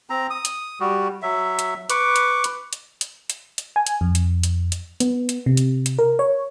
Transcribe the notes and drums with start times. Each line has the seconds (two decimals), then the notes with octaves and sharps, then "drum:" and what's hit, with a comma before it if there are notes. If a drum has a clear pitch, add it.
0.10 C4 A#5
0.30 D#6
0.45 drum: hi-hat
0.80 G3 F#4
1.22 F#3 E5
1.59 drum: hi-hat
1.90 B4 C#6 D6, drum: hi-hat
2.16 drum: hi-hat
2.44 drum: hi-hat
2.73 drum: hi-hat
3.01 drum: hi-hat
3.30 drum: hi-hat
3.58 drum: hi-hat
3.76 G#5
3.87 drum: hi-hat
4.01 F2
4.15 drum: hi-hat
4.43 drum: hi-hat
4.72 drum: hi-hat
5.00 B3, drum: hi-hat
5.29 drum: hi-hat
5.46 C3
5.57 drum: hi-hat
5.86 drum: hi-hat
5.99 A#4
6.19 C#5